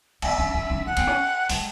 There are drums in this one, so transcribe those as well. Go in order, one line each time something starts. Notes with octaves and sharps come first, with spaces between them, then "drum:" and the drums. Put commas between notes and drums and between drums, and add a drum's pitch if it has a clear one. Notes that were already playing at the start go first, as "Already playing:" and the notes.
B3 E5, drum: cymbal
C#4
C#4
C#4
B3 F#5
B3, drum: cymbal
C#4
G#3 A5, drum: open hi-hat